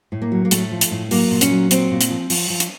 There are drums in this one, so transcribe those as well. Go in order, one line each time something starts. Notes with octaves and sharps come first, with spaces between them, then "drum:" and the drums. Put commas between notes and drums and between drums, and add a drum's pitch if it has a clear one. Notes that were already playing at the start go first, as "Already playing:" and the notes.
A2
A#3
F#3
A#3
A2 A3, drum: hi-hat
F3
drum: hi-hat
A2
F#3 A#3, drum: open hi-hat
A#2
C#4, drum: hi-hat
F#3
A#2 C4, drum: hi-hat
A#2
drum: hi-hat
F3
F3, drum: open hi-hat
F3
drum: hi-hat